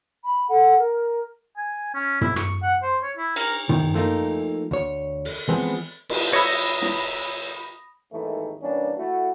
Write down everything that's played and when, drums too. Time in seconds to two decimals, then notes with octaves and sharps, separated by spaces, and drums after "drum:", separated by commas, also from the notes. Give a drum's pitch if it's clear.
0.23 B5
0.49 A4 F#5
0.79 A#4
1.57 G#5
1.95 C#4
2.21 E4, drum: tom
2.36 C#6, drum: rim click
2.62 F#5
2.82 C5
3.03 C#5
3.17 E4
3.36 A#4, drum: cymbal
3.69 D#3, drum: tom
3.94 F3 A3 A#3 D#4
4.71 D2 C#5
5.25 drum: open hi-hat
5.49 E3 F3 G#3 B3 C4
6.09 drum: cymbal
6.33 C#5 E5 B5 D#6 A#6
6.82 drum: snare
8.12 G#1 D#2 G#2 E3 A3 D#4
8.61 G2 E3 G3 A#3 C#4 D4
8.96 A3 E4 F#4